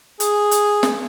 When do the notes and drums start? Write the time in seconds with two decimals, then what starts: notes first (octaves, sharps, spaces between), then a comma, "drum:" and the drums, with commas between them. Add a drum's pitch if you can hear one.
0.20 G#4, drum: hi-hat
0.51 drum: hi-hat
0.83 drum: snare